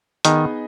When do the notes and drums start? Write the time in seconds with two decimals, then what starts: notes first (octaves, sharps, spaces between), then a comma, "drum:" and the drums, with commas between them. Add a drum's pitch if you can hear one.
0.25 D#3 B3 D#4 G#4 D#5, drum: hi-hat